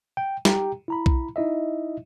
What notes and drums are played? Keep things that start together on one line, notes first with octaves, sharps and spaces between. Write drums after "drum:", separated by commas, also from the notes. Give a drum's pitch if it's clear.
G5
G4 G5 A#5, drum: snare
E4 A#5 B5
drum: kick B1
D#4 E4 D#5 E5